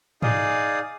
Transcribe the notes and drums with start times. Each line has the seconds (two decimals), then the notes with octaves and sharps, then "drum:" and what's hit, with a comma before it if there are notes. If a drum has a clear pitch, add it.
0.22 D#4 G#4 D5 F5 D#6, drum: tom G#2